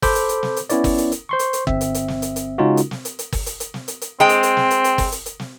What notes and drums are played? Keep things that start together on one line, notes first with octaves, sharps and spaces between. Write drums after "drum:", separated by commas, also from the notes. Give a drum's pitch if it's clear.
A4 C5 B5 D6 G6, drum: kick, open hi-hat
drum: hi-hat
drum: hi-hat
drum: snare
drum: hi-hat
B3 C#4 E4 C#5 D5, drum: hi-hat
drum: kick, open hi-hat
drum: hi-hat
drum: hi-hat
C5 C6 C#6
drum: hi-hat
drum: hi-hat
G1 C4 E5, drum: kick
drum: hi-hat
drum: hi-hat
drum: snare
drum: hi-hat
drum: hi-hat
C#3 G#3 C#4 D#4 F4 F#4
drum: hi-hat
drum: snare
drum: hi-hat
drum: hi-hat
drum: kick, open hi-hat
drum: hi-hat
drum: hi-hat
drum: snare
drum: hi-hat
drum: hi-hat
G#3 C4 G5
drum: hi-hat
drum: hi-hat
drum: snare
drum: hi-hat
drum: hi-hat
drum: kick, open hi-hat
drum: hi-hat
drum: hi-hat
drum: snare